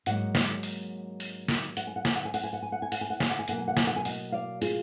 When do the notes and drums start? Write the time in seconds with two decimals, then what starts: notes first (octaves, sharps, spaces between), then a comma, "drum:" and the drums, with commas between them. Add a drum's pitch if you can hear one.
0.06 G#2 F#3 A#3 D#5 F#5, drum: hi-hat
0.35 drum: snare
0.63 drum: open hi-hat
1.20 drum: open hi-hat
1.48 drum: snare
1.77 F#5, drum: hi-hat
1.87 G#5
1.96 F#5
2.05 G#5, drum: snare
2.16 F#5
2.25 G#5
2.34 F#5, drum: open hi-hat
2.44 G#5
2.53 F#5
2.63 G#5
2.72 F#5
2.82 G#5
2.92 F#5, drum: open hi-hat
3.01 G#5
3.10 F#5
3.20 G#5, drum: snare
3.30 F#5
3.39 G#5
3.48 B2 F#3 A#3 F#5, drum: hi-hat
3.58 G#5
3.68 F#5
3.77 G#5, drum: snare
3.87 F#5
3.96 G#5
4.05 D#5 F#5, drum: open hi-hat
4.32 D5 F5
4.62 F4 G#4, drum: open hi-hat